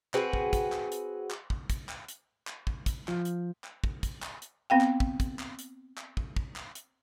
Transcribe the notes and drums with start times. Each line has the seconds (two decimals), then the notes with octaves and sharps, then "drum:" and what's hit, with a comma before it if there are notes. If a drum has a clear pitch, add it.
0.14 C4 F#4 G#4 B4, drum: clap
0.33 drum: kick
0.53 drum: kick, hi-hat
0.72 drum: clap
0.92 drum: hi-hat
1.31 drum: clap
1.50 drum: kick
1.70 drum: kick, hi-hat
1.89 drum: clap
2.08 drum: hi-hat
2.47 drum: clap
2.67 drum: kick
2.86 drum: kick, hi-hat
3.08 F3, drum: clap
3.25 drum: hi-hat
3.64 drum: clap
3.84 drum: kick
4.03 drum: kick, hi-hat
4.22 drum: clap
4.42 drum: hi-hat
4.70 B3 C4 F5 G5
4.81 drum: clap
5.00 drum: kick
5.20 drum: kick, hi-hat
5.39 drum: clap
5.59 drum: hi-hat
5.98 drum: clap
6.17 drum: kick
6.36 drum: kick
6.56 drum: clap
6.75 drum: hi-hat